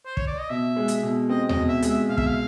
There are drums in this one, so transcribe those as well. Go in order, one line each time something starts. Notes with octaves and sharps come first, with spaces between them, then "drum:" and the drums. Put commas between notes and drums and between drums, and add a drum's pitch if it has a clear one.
C5
C#5, drum: kick
D5
D#5
B2 E5
G#3
drum: hi-hat
B2
C4 D#5
D#5, drum: tom D#2
B2
E5
G#3, drum: hi-hat
E5
B2 F5
E5, drum: kick
F5